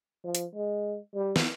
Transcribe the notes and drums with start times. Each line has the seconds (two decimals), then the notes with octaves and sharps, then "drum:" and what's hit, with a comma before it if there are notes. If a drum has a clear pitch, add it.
0.24 F3
0.35 drum: hi-hat
0.55 G#3
1.15 G3
1.36 drum: snare